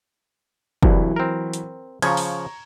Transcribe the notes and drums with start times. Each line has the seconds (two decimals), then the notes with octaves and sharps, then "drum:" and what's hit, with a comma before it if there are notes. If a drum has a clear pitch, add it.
0.83 C2 G2 E3 F#3 E4, drum: kick
1.16 C4 A#4
1.53 drum: hi-hat
2.02 C#3 F3 A#5 C#6 G#6, drum: cymbal
2.17 drum: open hi-hat